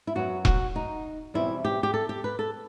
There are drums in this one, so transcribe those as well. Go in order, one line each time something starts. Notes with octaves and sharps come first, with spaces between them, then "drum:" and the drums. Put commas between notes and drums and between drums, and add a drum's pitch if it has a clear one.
E4
F#2 F#3 B3 F#4
F#4, drum: kick E1
D#4
E2 B2 G3 C4 E4
G4
G4
A4
G4
B4
A4